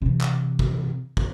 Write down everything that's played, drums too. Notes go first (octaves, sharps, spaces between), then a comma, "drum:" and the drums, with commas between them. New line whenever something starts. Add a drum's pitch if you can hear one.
C3 E3
drum: clap
drum: kick
drum: kick